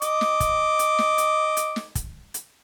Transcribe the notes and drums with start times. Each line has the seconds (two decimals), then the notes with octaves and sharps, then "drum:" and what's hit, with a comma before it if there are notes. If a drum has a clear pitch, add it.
0.02 D#5 D6, drum: hi-hat
0.21 drum: snare
0.40 drum: kick, hi-hat
0.79 drum: hi-hat
0.99 drum: snare
1.18 drum: hi-hat
1.57 drum: hi-hat
1.76 drum: snare
1.95 drum: kick, hi-hat
2.34 drum: hi-hat